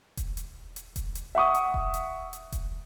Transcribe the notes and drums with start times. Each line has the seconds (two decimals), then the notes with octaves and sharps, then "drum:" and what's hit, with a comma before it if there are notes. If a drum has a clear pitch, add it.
0.17 drum: kick E1, hi-hat
0.37 drum: hi-hat
0.76 drum: hi-hat
0.96 drum: kick E1, hi-hat
1.15 drum: hi-hat
1.35 E5 F#5 C#6 D#6
1.54 drum: hi-hat
1.74 drum: kick E1
1.94 drum: hi-hat
2.33 drum: hi-hat
2.52 drum: kick E1, hi-hat